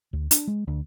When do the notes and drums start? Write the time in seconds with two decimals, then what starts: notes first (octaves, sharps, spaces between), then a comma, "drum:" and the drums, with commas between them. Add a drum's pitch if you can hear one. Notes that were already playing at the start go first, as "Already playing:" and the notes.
0.13 D2
0.31 D4, drum: hi-hat
0.47 G#3
0.68 D2